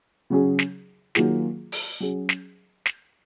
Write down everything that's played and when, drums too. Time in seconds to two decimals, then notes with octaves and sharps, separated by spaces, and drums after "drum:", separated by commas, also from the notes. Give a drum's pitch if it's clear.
0.30 C#3 F#3 C#4 G#4
0.59 drum: snare
1.15 D#3 F#3 A#3 F4 G#4, drum: snare
1.72 drum: open hi-hat
2.00 F#3 C#4 G#4
2.29 drum: snare
2.86 drum: snare